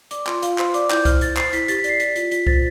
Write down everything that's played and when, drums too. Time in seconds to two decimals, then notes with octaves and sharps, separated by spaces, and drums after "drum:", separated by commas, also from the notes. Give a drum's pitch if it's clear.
0.11 D5 D6, drum: hi-hat
0.27 F4 C6, drum: clap
0.42 F4 F5, drum: hi-hat
0.58 C5 C6, drum: clap
0.74 D5 D6, drum: hi-hat
0.90 E4 G6, drum: clap
1.05 C5 F6, drum: kick C2, hi-hat
1.21 E4 A6, drum: hi-hat
1.37 C5 C7, drum: clap
1.53 E4 B6, drum: hi-hat
1.68 G4 A6, drum: hi-hat
1.79 B6
1.84 D5, drum: hi-hat
1.89 C7
2.00 D5 B6, drum: hi-hat
2.16 F4, drum: hi-hat
2.31 F4 B6, drum: hi-hat
2.47 C5 A6, drum: kick C2